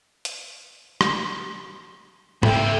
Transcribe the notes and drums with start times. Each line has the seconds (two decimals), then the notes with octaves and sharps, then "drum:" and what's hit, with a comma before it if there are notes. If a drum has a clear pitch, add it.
0.25 drum: hi-hat
1.01 drum: rim click
2.43 C#2 A#3 C4 A4 E5 G5, drum: tom G#2